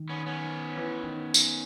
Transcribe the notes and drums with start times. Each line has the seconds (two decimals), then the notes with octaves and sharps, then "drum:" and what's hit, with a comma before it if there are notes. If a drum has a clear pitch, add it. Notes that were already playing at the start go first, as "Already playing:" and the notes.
Already playing: D#3
0.09 B3 C#4
0.26 B3 C#4
0.77 E3
1.03 D#3
1.34 drum: tambourine